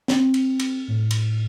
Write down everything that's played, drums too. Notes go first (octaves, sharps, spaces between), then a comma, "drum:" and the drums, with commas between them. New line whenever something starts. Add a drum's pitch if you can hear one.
C4, drum: snare
drum: cymbal
drum: cymbal
A2
drum: cymbal